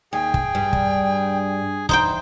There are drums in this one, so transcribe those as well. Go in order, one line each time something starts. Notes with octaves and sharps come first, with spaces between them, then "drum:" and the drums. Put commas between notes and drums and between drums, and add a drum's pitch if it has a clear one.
D#2 G#4 G5 G#5
drum: kick
G2
drum: kick
E2 D#4 C5 G5, drum: kick